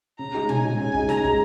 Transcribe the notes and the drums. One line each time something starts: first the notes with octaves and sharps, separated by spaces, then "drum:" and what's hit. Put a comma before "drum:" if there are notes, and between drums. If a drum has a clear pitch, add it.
C#3 A#5
G#3 D#4 G#4
C#3 G#5, drum: tom
G#3 D#4 G#4
C#3 G#5
G#3 D#4 G#4, drum: kick
C#3 A#5, drum: snare
G#3 D#4 G#4, drum: kick